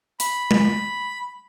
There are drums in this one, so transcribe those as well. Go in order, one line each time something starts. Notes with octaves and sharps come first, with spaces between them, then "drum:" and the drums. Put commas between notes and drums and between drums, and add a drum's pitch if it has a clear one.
B5, drum: hi-hat
drum: tom G#3